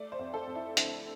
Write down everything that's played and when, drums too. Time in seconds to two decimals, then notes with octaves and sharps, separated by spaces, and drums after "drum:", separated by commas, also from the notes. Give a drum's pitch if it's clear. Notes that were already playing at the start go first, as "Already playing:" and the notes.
Already playing: A3 D5
0.12 C5
0.19 F2
0.34 A4
0.47 F2
0.55 E4
0.77 D3 E4, drum: hi-hat